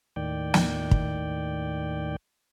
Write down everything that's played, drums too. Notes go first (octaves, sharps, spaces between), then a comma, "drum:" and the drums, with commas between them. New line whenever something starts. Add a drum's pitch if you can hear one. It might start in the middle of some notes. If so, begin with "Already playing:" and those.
D#2 A2 D#3 D5 G5
drum: snare
drum: kick